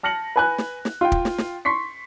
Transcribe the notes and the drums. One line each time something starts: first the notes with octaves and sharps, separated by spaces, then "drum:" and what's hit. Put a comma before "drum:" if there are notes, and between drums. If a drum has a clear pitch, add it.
A5 F6 A#6 C#7 F#7
B4 G#5 F#6
drum: snare
drum: snare
F4 G5
drum: kick
drum: snare
drum: snare
C6 C#6 B6 C7